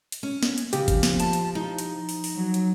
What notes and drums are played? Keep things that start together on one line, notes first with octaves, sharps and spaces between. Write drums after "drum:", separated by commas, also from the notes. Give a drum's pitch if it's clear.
drum: hi-hat
C#4
drum: snare
drum: hi-hat
C#3 F3 G4, drum: hi-hat
drum: kick F#1, hi-hat
drum: snare
A5, drum: hi-hat
drum: hi-hat
D#4
drum: hi-hat
drum: open hi-hat
drum: open hi-hat
F#3
drum: hi-hat